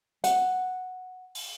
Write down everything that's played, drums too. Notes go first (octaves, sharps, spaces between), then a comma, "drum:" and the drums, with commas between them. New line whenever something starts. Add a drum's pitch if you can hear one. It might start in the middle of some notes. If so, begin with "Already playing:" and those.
F#5, drum: hi-hat
drum: open hi-hat